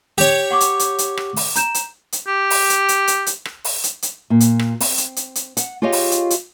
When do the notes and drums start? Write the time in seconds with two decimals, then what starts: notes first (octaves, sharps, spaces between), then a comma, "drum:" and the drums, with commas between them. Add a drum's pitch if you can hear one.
0.18 G4 C#5
0.50 F#5 C#6 D6
0.60 drum: hi-hat
0.79 drum: hi-hat
0.98 drum: hi-hat
1.17 drum: rim click
1.36 drum: open hi-hat
1.55 A#5 G6 E7, drum: hi-hat
1.74 drum: hi-hat
2.12 drum: hi-hat
2.27 G4
2.50 drum: open hi-hat
2.69 drum: hi-hat
2.88 drum: hi-hat
3.07 drum: hi-hat
3.26 drum: hi-hat
3.45 drum: rim click
3.64 drum: open hi-hat
3.83 drum: hi-hat
4.02 drum: hi-hat
4.30 A#2
4.40 drum: hi-hat
4.59 drum: rim click
4.80 C4, drum: open hi-hat
4.97 drum: hi-hat
5.16 drum: hi-hat
5.35 drum: hi-hat
5.57 F#5, drum: hi-hat
5.82 F4 G4 G#4 C#5 D#5 F5
5.92 drum: open hi-hat
6.11 drum: hi-hat
6.30 drum: hi-hat